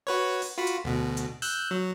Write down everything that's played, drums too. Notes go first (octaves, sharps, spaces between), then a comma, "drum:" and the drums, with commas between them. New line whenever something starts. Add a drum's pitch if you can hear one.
F#4 B4 C#5
drum: open hi-hat
F4 F#4 B5
drum: hi-hat
D2 B2
drum: hi-hat
E6 F#6 G6, drum: open hi-hat
F#3